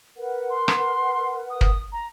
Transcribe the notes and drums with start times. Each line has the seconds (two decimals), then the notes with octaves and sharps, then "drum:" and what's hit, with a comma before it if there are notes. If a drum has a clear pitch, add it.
0.16 A#4 B4 F#5
0.50 C6
0.68 drum: rim click
1.50 D#6
1.61 drum: kick
1.92 A#5